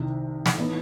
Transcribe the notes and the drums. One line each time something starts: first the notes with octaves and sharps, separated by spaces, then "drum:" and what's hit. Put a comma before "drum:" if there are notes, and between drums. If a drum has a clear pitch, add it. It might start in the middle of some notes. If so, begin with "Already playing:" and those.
Already playing: C2 C3 D#3
drum: snare
A2 E3 B3 D#4